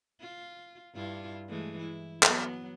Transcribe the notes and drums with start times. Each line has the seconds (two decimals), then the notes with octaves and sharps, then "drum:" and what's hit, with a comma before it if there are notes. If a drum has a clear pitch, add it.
0.21 F4
0.95 G2 E4 F4
1.48 E3 G#3 A3
1.79 E4
2.23 F#3 B3, drum: clap